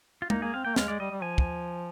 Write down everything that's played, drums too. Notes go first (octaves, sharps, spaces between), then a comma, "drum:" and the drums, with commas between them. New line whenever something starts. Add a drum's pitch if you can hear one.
F4
A#3 D#4, drum: tom G#3
A#3 G#4
C4 F5
A#3 G5
G#3 F5, drum: snare
G#3 D5
G3 D#5
G3
F3 G#5
drum: kick